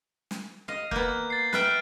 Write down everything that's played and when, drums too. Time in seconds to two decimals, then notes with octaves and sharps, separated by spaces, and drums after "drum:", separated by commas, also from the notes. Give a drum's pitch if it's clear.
0.31 drum: snare
0.68 D#5 F5
0.91 A#3 B3 G6, drum: kick F#1
1.30 A6 C7
1.53 B4 E5 G5 F6 F#6, drum: snare